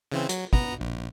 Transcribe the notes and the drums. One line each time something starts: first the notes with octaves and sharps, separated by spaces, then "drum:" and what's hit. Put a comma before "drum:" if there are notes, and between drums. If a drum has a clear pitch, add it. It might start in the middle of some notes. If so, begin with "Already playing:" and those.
C#3 E3 C4
F#3, drum: hi-hat
B3 A#5, drum: kick
A#1